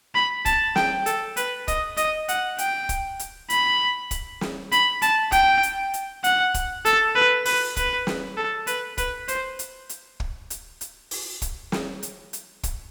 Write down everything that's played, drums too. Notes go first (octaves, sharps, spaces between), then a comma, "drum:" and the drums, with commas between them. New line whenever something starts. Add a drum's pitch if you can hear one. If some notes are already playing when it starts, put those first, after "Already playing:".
B5
A5, drum: kick, hi-hat
G5, drum: snare
A4, drum: hi-hat
B4, drum: hi-hat
D#5, drum: kick, hi-hat
D#5, drum: hi-hat
F#5, drum: hi-hat
G5, drum: hi-hat
drum: kick, hi-hat
drum: hi-hat
B5, drum: hi-hat
drum: kick, hi-hat
drum: snare
B5, drum: hi-hat
A5, drum: hi-hat
G5, drum: kick, hi-hat
drum: hi-hat
drum: hi-hat
F#5, drum: hi-hat
drum: kick, hi-hat
A4, drum: hi-hat
B4
B4, drum: open hi-hat
B4, drum: kick, hi-hat
drum: snare
A4
B4, drum: hi-hat
B4, drum: kick, hi-hat
C5, drum: hi-hat
drum: hi-hat
drum: hi-hat
drum: kick
drum: hi-hat
drum: hi-hat
drum: open hi-hat
drum: kick, hi-hat
drum: snare
drum: hi-hat
drum: hi-hat
drum: kick, hi-hat